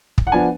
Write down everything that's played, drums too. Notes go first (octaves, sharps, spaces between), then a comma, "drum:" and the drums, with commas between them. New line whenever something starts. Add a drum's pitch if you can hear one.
drum: kick
F#5
F3 B3 D4 G#5